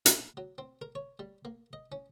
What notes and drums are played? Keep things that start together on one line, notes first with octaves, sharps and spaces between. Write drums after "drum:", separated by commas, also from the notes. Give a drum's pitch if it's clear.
A#2, drum: hi-hat
F#3
C4
A#4
C#5
G3
A#3
D#5
C#4